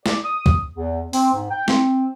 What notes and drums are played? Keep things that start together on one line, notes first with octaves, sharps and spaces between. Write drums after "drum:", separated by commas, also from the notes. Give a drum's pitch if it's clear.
D5, drum: snare
D#6
drum: kick
E2
C4, drum: open hi-hat
G#2
G5
C4, drum: snare